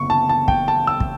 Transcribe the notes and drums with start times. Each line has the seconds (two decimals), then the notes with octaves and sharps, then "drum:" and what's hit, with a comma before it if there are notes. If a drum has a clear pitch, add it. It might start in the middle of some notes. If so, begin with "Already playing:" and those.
Already playing: F#1 E2 D3 C#6
0.10 A5
0.29 A5
0.48 G5, drum: kick
0.68 A5
0.87 E6
1.00 drum: kick